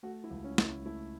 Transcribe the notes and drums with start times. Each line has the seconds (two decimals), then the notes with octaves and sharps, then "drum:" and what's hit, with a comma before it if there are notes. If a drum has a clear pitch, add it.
0.03 A3 F#4
0.24 E4
0.31 C#2
0.44 C#4
0.58 C#2, drum: snare
0.65 E4
0.85 A3 E4